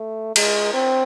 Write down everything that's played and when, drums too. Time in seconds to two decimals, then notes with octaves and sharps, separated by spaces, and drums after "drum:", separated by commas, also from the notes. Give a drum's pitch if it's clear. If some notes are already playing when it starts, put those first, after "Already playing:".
Already playing: A3
0.36 G#3, drum: cymbal
0.74 C4